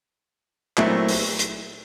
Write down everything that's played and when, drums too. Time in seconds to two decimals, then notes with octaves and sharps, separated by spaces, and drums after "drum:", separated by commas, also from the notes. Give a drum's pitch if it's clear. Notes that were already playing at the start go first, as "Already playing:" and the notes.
0.77 A#2 F#3 A3 C4 E4, drum: clap
1.09 drum: open hi-hat
1.39 drum: hi-hat